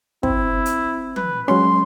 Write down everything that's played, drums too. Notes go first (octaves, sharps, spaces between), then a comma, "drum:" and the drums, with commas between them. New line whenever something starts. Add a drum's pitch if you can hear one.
C4 E4, drum: kick
drum: hi-hat
B4, drum: tom F3
F#3 G#3 C#4 C6, drum: rim click